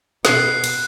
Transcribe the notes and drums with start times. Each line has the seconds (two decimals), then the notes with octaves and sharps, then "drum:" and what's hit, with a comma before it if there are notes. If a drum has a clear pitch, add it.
0.25 B2 F#6 C7, drum: snare
0.64 drum: cymbal